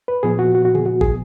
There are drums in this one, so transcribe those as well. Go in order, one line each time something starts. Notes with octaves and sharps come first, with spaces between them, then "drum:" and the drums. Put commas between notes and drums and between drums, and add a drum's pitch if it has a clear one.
B4
A#2 F3 B3 G#4
F#4
F#4
F#4
G#4, drum: tom C#3
F#4
G#4, drum: kick